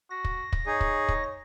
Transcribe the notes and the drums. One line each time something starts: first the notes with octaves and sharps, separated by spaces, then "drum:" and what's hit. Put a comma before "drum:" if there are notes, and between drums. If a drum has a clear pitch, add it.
F#4 A#6
drum: kick
drum: kick
D#4 G#4 C#5
drum: kick
drum: kick